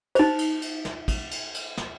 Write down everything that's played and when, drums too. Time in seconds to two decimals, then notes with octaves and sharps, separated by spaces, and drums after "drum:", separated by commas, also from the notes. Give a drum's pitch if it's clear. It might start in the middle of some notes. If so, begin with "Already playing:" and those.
0.15 D#4 C5, drum: cymbal
0.39 drum: cymbal
0.62 drum: cymbal
0.85 drum: snare
1.08 drum: kick, cymbal
1.31 drum: cymbal
1.54 drum: cymbal
1.77 drum: snare